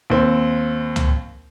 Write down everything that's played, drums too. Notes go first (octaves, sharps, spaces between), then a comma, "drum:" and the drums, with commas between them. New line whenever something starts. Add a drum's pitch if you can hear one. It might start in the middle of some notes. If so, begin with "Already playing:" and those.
D#2 C4
drum: tom